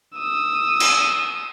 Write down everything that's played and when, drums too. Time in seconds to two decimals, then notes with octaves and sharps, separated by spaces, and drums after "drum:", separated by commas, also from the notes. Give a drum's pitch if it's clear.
0.17 D#6 E6
0.80 drum: cymbal